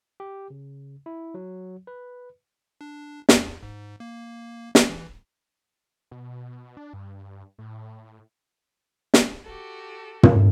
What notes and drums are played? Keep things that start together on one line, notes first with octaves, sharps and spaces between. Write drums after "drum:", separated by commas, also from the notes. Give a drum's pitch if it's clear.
G4
C#3
E4
F#3
B4
D4
E2, drum: snare
G#2
A#3
drum: snare
E3
B2
D4
G2
A2
drum: snare
F#4 G4 A4
drum: tom